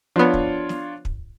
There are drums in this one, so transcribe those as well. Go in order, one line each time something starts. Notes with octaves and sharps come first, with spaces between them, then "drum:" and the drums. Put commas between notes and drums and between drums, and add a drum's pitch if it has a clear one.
F3 B3 D4 F4 C#5
drum: kick
drum: snare
drum: kick